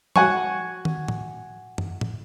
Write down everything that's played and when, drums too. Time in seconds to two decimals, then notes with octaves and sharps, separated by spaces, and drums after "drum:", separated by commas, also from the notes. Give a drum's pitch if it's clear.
0.16 F#4 F#5 G#5 C#6, drum: tom F3
0.85 drum: tom D#3
1.08 drum: tom A2
1.78 drum: tom F#2
2.01 drum: tom A2